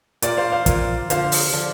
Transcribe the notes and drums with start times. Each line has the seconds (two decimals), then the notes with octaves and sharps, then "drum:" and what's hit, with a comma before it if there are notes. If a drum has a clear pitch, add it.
0.22 A#2 A#3 F4 D5, drum: hi-hat
0.37 C5 F5
0.52 C5 F5
0.66 A#2 A#3 F4, drum: kick, hi-hat
1.10 D3 F3 D4 F4 C5 F5, drum: hi-hat
1.32 drum: open hi-hat
1.53 D3 F3 D4 F4